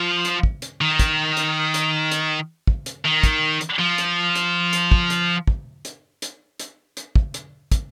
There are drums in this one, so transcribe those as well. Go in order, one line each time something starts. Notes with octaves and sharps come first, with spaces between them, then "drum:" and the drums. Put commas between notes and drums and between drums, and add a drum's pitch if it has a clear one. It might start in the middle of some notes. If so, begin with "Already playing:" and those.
Already playing: F3
drum: hi-hat
drum: kick
drum: hi-hat
D#3
drum: kick, hi-hat
drum: hi-hat
drum: hi-hat
drum: hi-hat
drum: kick
drum: hi-hat
D#3
drum: kick, hi-hat
drum: hi-hat
F3
drum: hi-hat
drum: hi-hat
drum: hi-hat
drum: kick
drum: hi-hat
drum: kick
drum: hi-hat
drum: hi-hat
drum: hi-hat
drum: hi-hat
drum: kick
drum: hi-hat
drum: kick, hi-hat